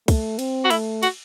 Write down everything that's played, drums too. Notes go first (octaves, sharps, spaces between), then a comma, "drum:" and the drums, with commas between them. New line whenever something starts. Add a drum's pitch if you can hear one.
A3, drum: kick, cymbal
C4, drum: cymbal
F#4
A3 E4, drum: cymbal
F#4, drum: cymbal